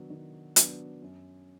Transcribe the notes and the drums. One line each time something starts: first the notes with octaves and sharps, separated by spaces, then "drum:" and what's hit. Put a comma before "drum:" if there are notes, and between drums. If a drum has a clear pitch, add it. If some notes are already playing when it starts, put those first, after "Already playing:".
Already playing: D#3 F#3 B3 D4
D#3
F#3 B3 D4, drum: hi-hat
F#2